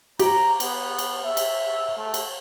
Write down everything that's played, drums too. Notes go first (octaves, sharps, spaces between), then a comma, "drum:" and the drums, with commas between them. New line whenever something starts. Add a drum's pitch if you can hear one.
G4 A#5, drum: cymbal
B3, drum: cymbal
drum: cymbal
E5
drum: cymbal
A3
drum: cymbal